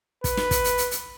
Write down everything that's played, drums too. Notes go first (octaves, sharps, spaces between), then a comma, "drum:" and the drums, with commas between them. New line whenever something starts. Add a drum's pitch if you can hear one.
B4, drum: kick, hi-hat
drum: snare
drum: kick, hi-hat
drum: hi-hat
drum: hi-hat
drum: hi-hat